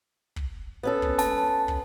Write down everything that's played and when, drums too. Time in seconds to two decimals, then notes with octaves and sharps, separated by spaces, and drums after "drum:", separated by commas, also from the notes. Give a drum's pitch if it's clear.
0.36 drum: kick
0.83 B3 C#4 A4
1.02 drum: kick
1.19 A5, drum: snare
1.68 drum: kick